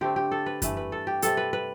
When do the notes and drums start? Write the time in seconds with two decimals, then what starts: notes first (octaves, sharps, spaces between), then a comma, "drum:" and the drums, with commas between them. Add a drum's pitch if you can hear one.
0.01 D3 A3 C4 G4
0.16 G4
0.31 A4
0.46 B4
0.62 G2 E3 A3 B4, drum: kick F#2, hi-hat
0.77 B4
0.92 A4
1.07 G4
1.22 C3 G3 B3 A4, drum: hi-hat
1.37 B4
1.53 B4